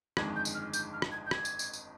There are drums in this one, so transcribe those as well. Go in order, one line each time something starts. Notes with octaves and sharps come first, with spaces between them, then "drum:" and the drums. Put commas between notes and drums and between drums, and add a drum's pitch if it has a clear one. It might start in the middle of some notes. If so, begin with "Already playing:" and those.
G1 F2 D#3 G#3 G#6, drum: rim click
G6
drum: tambourine
F6
G6, drum: tambourine
F6
drum: rim click
G#6
G6
G#6, drum: rim click
drum: tambourine
drum: tambourine
drum: tambourine